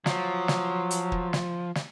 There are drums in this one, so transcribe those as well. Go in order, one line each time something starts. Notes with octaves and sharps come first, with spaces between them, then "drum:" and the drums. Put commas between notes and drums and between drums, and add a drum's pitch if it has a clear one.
F3 F#3, drum: snare
drum: snare
drum: hi-hat
drum: kick
drum: snare
drum: snare